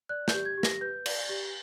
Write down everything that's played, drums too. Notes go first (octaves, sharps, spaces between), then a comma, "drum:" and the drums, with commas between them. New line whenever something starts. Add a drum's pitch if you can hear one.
D5 F#6
G6, drum: snare
G4
G#6
G4
A#6, drum: snare
B4 G6
D5, drum: cymbal
G4